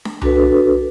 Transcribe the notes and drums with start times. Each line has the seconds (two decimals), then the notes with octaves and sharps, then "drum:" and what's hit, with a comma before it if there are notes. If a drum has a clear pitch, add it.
0.05 drum: snare D4
0.22 D4 F#4 A4 B4, drum: tom C2